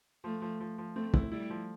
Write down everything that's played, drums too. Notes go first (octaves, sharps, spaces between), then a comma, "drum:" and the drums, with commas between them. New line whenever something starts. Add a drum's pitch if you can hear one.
F3 A3
F3
F3
F3
A3 C4
E4, drum: kick
G3 E4
F3